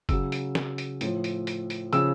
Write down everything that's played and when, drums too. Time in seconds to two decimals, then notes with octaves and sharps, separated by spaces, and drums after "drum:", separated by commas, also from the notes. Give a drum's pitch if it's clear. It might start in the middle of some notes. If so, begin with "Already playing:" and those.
0.09 C#3 F#3 E6, drum: kick F#1, hi-hat
0.32 drum: hi-hat
0.55 drum: snare
0.78 drum: hi-hat
1.01 A2 F3, drum: hi-hat
1.24 drum: hi-hat
1.47 drum: hi-hat
1.70 drum: hi-hat
1.93 C#3 F3 E6, drum: hi-hat